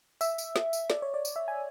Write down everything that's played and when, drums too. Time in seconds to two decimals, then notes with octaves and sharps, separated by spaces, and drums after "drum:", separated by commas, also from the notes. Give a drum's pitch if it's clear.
0.21 E5, drum: tambourine
0.38 drum: tambourine
0.56 drum: snare
0.73 drum: tambourine
0.90 D5, drum: snare
1.02 C#5
1.14 D5
1.25 drum: tambourine
1.36 E5
1.48 G#5